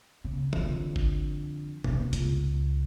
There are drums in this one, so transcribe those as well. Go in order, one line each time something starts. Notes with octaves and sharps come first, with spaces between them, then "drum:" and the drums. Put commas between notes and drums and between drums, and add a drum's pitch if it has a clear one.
C#3
F2 D3, drum: tom
drum: kick G1
A#1 C3, drum: tom C3
C#2, drum: hi-hat